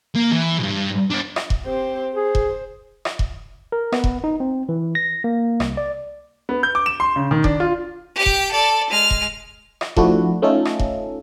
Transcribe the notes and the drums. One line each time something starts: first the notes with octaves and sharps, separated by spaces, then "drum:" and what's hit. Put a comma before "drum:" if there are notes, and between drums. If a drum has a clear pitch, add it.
A#3
E3
B1 G2
B3 D4
drum: rim click
drum: kick E1
C4 G4 C5
G#4 C5
drum: kick E1
drum: rim click
drum: kick E1
A#4
B3, drum: rim click
drum: kick E1
D#4
C4
E3
A#6
A#3
C2, drum: rim click
D5
B3
G6
D6
E7
C6
C#3
D#3
D4, drum: kick E1
F4
G4 G5
drum: kick E1
A4 D5
G#3 F6
drum: kick E1
drum: rim click
F3 A3 D4 E4 F#4, drum: kick E1
A3 C#4 D#4 F4 A4
drum: rim click
drum: kick E1